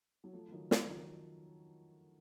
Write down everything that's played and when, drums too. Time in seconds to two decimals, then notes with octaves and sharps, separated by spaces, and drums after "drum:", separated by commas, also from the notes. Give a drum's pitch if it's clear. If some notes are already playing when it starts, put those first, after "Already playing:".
0.24 F#3
0.33 F3 A3
0.49 F3
0.52 D#3 F#3
0.71 F3 A3, drum: snare
0.89 D#3 F#3